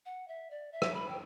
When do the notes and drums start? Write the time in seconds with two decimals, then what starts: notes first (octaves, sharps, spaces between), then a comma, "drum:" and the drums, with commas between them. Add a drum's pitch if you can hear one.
0.06 F#5
0.28 E5
0.51 D5
0.72 E5
0.82 drum: rim click
0.94 B5
1.09 G5